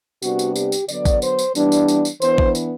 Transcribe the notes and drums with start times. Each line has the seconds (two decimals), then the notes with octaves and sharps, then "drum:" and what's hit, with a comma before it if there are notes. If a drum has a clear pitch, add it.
0.22 C3 G3 B3 D4 F#4, drum: tambourine
0.39 drum: tambourine
0.56 G4, drum: tambourine
0.72 drum: tambourine
0.89 D3 F#3 B3 D5, drum: tambourine
1.05 drum: kick A1, tambourine
1.22 C5, drum: tambourine
1.39 drum: tambourine
1.55 E3 G3 B3 D4, drum: tambourine
1.72 drum: tambourine
1.88 drum: tambourine
2.05 drum: tambourine
2.22 E3 B3 D4 C5, drum: tambourine
2.38 drum: kick A1
2.55 drum: tambourine